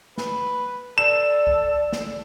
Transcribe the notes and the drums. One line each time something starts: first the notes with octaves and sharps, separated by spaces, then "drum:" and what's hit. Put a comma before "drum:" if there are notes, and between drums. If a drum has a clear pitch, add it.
B4, drum: snare
A4 D5 E7
drum: kick C2
drum: snare